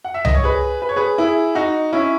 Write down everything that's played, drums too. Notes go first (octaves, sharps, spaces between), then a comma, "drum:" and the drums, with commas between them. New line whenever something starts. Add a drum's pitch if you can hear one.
F#5
E5
D#5, drum: tom C2
C#5
G#4 B4
B4
C#5
G#4 B4
E4 G#4
D#4 F#4
C#4 E4